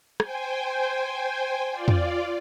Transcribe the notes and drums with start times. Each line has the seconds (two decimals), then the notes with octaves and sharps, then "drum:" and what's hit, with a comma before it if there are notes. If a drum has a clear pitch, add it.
0.20 C5 G5 G#5, drum: rim click
1.70 F4 D5
1.88 drum: tom